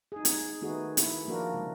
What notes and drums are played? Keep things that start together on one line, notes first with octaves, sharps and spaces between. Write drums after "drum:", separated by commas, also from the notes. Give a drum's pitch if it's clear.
D#4 G#4
drum: hi-hat
D#3 A3 B3 D#4 F#4 G#4
E4, drum: hi-hat
F3 A#3 D4 F#4 A#4
C#3 G#3